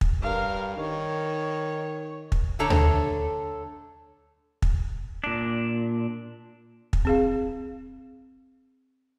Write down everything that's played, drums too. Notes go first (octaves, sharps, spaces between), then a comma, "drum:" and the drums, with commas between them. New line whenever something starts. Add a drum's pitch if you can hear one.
drum: kick
G2 A#4 F5
D#3 C#5
drum: kick
D3 A3 D4 A4 C#5 A#5
drum: tom D2
drum: kick
A#2 D4
drum: kick
C4 G#4 F5